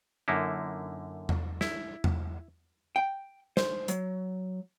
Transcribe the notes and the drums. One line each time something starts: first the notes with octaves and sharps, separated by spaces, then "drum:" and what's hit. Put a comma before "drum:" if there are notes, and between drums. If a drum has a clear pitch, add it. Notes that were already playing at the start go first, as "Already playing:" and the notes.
F#2 D3 A#3 D#4 E4
drum: tom E2
E4, drum: snare
drum: tom E2
G5
C5, drum: snare
F#3, drum: hi-hat